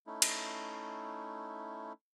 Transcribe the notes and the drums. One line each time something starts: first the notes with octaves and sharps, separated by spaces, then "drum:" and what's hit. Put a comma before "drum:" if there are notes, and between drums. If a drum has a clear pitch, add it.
A3 C#4 D#4 E4
drum: cymbal